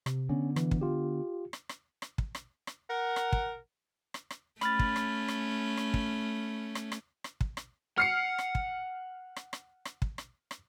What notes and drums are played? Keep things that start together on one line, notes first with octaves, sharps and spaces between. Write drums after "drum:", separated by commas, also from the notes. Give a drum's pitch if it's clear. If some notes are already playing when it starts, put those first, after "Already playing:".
C3, drum: rim click
D3 B3 C#4
E3, drum: rim click
drum: kick
F4 G4
drum: rim click
drum: rim click
drum: rim click
drum: kick
drum: rim click
drum: rim click
A#4 F#5
drum: rim click
drum: kick
drum: rim click
drum: rim click
A3 C#4 B5 F6 A6, drum: rim click
drum: kick
drum: rim click
drum: rim click
drum: rim click
drum: kick
drum: rim click
drum: rim click
drum: rim click
drum: kick
drum: rim click
F#5 F6 C7 C#7
drum: rim click
drum: kick
drum: rim click
drum: rim click
drum: rim click
drum: kick
drum: rim click
drum: rim click